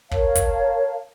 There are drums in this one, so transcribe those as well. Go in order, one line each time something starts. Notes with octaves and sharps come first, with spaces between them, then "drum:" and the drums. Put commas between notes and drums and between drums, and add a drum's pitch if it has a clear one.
A#4 C#5 F5 A5, drum: kick
drum: kick, hi-hat